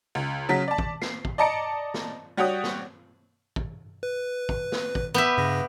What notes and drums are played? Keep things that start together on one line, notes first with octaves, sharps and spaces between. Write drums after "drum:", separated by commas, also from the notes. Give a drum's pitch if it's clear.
C#2
C#3 F#3 B6
D5 A5
drum: kick
C7, drum: snare
drum: kick
D5 D#5 A5 A#5 C#7 D7
drum: snare
G3 F#4 C#5 G5 D#6
drum: snare
drum: kick
B4
drum: kick
drum: snare
drum: kick
B3 G4 E5
G2 C#3 A#6